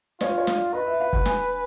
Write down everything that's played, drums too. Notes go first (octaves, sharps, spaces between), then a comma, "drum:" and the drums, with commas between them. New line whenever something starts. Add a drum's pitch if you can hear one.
F4 C#5, drum: snare
C#5
drum: snare
D5
B4 D#5
E5
F5
F#5, drum: kick
G#5, drum: snare